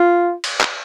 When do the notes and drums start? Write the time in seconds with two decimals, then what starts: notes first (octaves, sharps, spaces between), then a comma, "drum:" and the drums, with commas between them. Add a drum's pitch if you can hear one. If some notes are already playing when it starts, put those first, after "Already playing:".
Already playing: F4
0.44 drum: cymbal
0.60 drum: clap